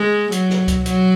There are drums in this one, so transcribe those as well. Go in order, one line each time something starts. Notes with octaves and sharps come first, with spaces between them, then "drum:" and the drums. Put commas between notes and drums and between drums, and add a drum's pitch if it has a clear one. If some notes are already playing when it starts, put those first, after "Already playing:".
Already playing: G#3
F#3, drum: hi-hat
drum: snare
drum: kick C#2, hi-hat
F#3, drum: hi-hat